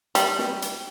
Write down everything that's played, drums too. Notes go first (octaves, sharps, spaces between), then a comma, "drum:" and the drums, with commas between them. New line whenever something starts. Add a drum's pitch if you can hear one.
G3, drum: hi-hat
drum: snare
drum: hi-hat